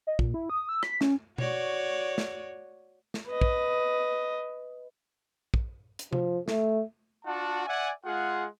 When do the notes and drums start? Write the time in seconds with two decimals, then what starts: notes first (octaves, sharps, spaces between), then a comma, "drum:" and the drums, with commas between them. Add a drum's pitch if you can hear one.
0.07 D#5
0.19 A#2, drum: kick
0.34 E4
0.50 D#6
0.69 E6
0.83 B6, drum: rim click
1.01 C#4, drum: snare
1.38 F#4 C#5 D5, drum: tom B2
2.18 drum: snare
3.14 drum: snare
3.29 B4 D#5
3.41 drum: kick
5.54 drum: kick
5.99 drum: hi-hat
6.13 F3, drum: tom C3
6.48 A3, drum: snare
7.26 D4 F4 F#4 F#5 A5
7.66 D5 E5 F#5 G#5
8.06 G#3 F4 G#4 F#5